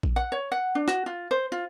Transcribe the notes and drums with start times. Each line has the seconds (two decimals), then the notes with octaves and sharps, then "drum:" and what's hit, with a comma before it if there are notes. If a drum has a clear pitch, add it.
0.03 drum: kick A#1
0.16 F#5
0.32 C#5
0.52 F#5
0.75 D4
0.88 F#4, drum: snare
1.06 F4
1.31 C5
1.52 F4